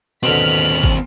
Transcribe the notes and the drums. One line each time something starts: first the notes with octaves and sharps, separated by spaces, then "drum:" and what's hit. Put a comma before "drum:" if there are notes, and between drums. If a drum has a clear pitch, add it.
D#2 B2 D3 C4 F6 B6 F#7
drum: kick